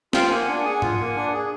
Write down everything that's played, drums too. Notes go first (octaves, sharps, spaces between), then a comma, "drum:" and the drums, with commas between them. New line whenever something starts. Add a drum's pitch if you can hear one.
F4 F5 G5, drum: snare
A#3 F#5 G#5
D4 F#5 G#5
G#4 F#5 G#5
F4, drum: tom G#2
A#3
D4
G#4